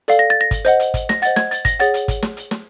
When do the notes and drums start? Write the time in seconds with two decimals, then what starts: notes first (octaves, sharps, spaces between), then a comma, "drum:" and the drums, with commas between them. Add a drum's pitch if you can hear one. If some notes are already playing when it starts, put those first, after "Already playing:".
0.08 A4 D5 F5, drum: hi-hat
0.19 A#6
0.30 A6
0.41 A#6
0.51 drum: kick, hi-hat
0.65 C5 D#5 F#5, drum: hi-hat
0.80 drum: hi-hat
0.94 drum: kick, hi-hat
1.09 A#6, drum: snare
1.22 C5 D#5 F#5 A6, drum: hi-hat
1.36 G#6, drum: snare
1.51 A6, drum: hi-hat
1.65 A#6, drum: kick, hi-hat
1.79 G#4 C#5 F#5 A6, drum: hi-hat
1.94 drum: hi-hat
2.08 drum: kick, hi-hat
2.22 drum: snare
2.37 drum: hi-hat
2.51 drum: snare